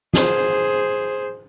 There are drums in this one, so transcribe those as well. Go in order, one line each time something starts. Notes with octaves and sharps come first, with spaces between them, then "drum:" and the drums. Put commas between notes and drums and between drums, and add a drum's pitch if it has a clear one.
G#4 C5, drum: snare